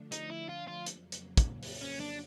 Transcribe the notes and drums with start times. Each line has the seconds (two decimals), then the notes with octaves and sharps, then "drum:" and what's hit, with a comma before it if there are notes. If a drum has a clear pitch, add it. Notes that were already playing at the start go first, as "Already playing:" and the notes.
Already playing: D3 F3 A3 D4
0.12 D#4, drum: hi-hat
0.30 E4
0.49 F4
0.68 F4
0.86 F2 C#3 F#3 A#3, drum: hi-hat
1.12 drum: hi-hat
1.37 drum: kick, hi-hat
1.63 drum: open hi-hat
1.81 C#4
2.00 D4